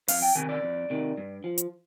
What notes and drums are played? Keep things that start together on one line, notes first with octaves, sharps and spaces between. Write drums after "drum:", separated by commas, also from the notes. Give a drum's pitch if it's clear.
F2 F5, drum: open hi-hat
G5
C3 D#3 G#5
D5
F2
C3 D#3
G2
F3
drum: hi-hat